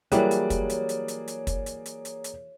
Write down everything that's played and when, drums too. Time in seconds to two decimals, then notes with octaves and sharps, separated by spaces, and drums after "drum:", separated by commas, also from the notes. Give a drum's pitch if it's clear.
0.12 E3 F#3 G3 A#3 G#4 C#5 D5, drum: hi-hat
0.31 drum: hi-hat
0.50 drum: kick, hi-hat
0.70 drum: hi-hat
0.89 drum: hi-hat
1.08 drum: hi-hat
1.28 drum: hi-hat
1.47 drum: kick, hi-hat
1.66 drum: hi-hat
1.86 drum: hi-hat
2.05 drum: hi-hat
2.24 drum: hi-hat